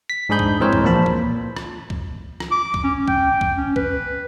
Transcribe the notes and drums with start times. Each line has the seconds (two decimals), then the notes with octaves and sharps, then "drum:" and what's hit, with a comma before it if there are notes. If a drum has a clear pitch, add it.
0.10 B6
0.29 G#2 D4 D#4 G#4 B5 G6
0.39 drum: kick C2
0.60 E3 G#3 C4 A#4 C5 C#5
0.73 drum: kick C2
0.84 A#2 F3 A#3 A5 B5
1.06 drum: kick C2
1.57 drum: rim click
1.90 drum: kick C2
2.40 drum: rim click
2.51 D6
2.74 drum: kick C2
2.84 C#4
3.08 G5, drum: kick C2
3.41 drum: kick C2
3.57 C#4
3.76 B4, drum: kick C2